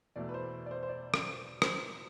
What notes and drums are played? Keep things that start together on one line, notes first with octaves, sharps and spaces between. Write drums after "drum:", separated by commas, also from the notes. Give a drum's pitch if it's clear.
E2 B2 A3 D5
B4
C5
D5
C5
C5
D5
drum: rim click
C5, drum: rim click